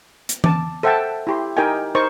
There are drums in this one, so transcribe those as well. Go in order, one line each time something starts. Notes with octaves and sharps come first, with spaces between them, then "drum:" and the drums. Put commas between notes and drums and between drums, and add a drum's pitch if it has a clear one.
drum: hi-hat
A5 D6, drum: tom E3
A4 C5 E5 F#5 G5 A5
E4 G4 C6
D#4 G4 A#4 D#5 G5 G#5
D#4 A#4 C5 C#6